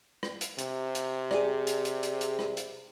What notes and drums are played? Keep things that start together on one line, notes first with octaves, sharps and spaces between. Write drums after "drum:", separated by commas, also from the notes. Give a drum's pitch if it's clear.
drum: rim click
drum: hi-hat
C3, drum: hi-hat
drum: hi-hat
G#4 D5, drum: rim click
drum: hi-hat
drum: hi-hat
drum: hi-hat
drum: hi-hat
drum: rim click
drum: hi-hat